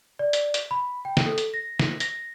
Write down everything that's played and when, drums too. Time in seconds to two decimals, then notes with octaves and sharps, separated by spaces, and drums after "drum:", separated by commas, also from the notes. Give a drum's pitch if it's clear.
0.19 D5
0.33 drum: hi-hat
0.54 drum: hi-hat
0.71 B5
1.05 G5
1.17 drum: snare
1.26 A4
1.38 drum: hi-hat
1.54 A#6
1.80 drum: snare
2.00 A#6, drum: hi-hat